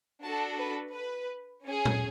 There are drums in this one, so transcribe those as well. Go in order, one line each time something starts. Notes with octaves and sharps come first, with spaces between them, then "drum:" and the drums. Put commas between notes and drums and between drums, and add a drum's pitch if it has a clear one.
D4 F#4 A4 A5
B4
B4
C#4 G#4
drum: tom A#2